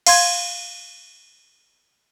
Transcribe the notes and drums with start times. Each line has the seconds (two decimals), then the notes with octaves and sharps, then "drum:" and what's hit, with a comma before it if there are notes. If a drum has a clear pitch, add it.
0.07 F5 C6 G#6, drum: cymbal